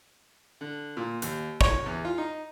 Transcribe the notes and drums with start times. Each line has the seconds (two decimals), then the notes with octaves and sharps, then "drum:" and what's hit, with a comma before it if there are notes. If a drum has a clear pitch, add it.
0.61 D3
0.97 A#2
1.22 D#2, drum: hi-hat
1.61 C#5, drum: kick
1.86 E2
2.05 F4
2.18 D#4